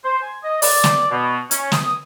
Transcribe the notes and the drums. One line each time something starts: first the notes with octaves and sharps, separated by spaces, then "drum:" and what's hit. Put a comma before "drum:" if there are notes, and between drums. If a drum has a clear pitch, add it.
C5
G#5
D#5
D5, drum: open hi-hat
drum: snare
B2
C#4, drum: hi-hat
D#6, drum: snare